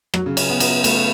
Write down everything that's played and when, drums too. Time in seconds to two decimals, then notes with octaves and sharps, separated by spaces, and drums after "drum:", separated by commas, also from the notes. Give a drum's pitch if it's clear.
0.14 F#3, drum: rim click
0.26 C#3
0.37 C#4, drum: cymbal
0.50 B3
0.60 B3, drum: cymbal
0.84 A3, drum: cymbal